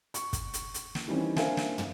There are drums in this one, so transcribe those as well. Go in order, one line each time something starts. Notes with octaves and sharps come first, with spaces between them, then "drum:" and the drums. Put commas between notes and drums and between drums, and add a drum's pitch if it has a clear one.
C#6, drum: hi-hat
drum: kick, hi-hat
drum: hi-hat
drum: hi-hat
drum: snare
D#3 E3 G3 C4 C#4
D4 A#4 C5 E5 F5 G#5, drum: snare
drum: snare
drum: tom